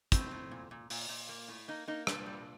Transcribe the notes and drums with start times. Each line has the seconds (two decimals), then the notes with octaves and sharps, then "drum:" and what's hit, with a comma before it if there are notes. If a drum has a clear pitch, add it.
0.12 A2 C4, drum: kick, hi-hat
0.31 A2
0.51 A#2
0.71 A#2
0.90 A#2, drum: open hi-hat
1.09 A#2
1.29 A#3
1.48 A2
1.68 A#3 D#4
1.88 A#3 D#4
2.07 A#2 D4, drum: rim click
2.26 G3